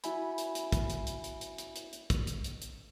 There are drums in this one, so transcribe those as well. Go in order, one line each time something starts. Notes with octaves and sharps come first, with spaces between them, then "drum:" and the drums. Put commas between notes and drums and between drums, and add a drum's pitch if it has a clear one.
E4 F#4 E5 G#5 B5, drum: hi-hat
drum: hi-hat
drum: hi-hat
drum: kick, hi-hat
drum: hi-hat
drum: hi-hat
drum: hi-hat
drum: hi-hat
drum: hi-hat
drum: hi-hat
drum: hi-hat
drum: kick, hi-hat
drum: hi-hat
drum: hi-hat
drum: hi-hat